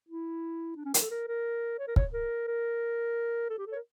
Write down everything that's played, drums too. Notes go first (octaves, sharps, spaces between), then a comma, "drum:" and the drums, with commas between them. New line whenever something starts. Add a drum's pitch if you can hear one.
E4
D4
C#4
A#4, drum: hi-hat
A4
A#4
A#4
C#5
A#4
C#5, drum: kick
A#4
A#4
A4
G4
A4
C#5
A#4